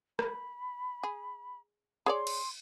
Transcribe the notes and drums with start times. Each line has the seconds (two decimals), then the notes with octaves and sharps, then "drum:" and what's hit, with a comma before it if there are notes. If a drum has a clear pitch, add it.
0.19 B5, drum: rim click
1.03 G#4
2.06 G#4 C#5 D5 C6
2.27 drum: cymbal